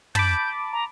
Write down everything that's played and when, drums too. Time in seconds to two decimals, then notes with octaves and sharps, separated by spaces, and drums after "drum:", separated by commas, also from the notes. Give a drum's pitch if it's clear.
0.15 A5 B5 D6 G6, drum: tom
0.73 A#5